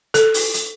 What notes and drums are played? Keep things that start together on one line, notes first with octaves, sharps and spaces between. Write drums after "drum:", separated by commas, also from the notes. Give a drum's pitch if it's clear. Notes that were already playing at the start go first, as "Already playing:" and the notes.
A4, drum: hi-hat
drum: open hi-hat
drum: hi-hat